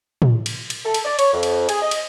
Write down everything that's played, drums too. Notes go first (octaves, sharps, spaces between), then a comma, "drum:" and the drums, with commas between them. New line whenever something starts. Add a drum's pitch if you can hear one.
drum: tom
drum: cymbal
drum: cymbal
A4
drum: cymbal
D5
C#5, drum: cymbal
F2
drum: cymbal
G#4, drum: cymbal
D#5
drum: cymbal